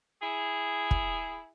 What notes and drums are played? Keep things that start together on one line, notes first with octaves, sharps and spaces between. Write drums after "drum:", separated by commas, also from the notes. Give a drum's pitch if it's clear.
E4 G#4
drum: kick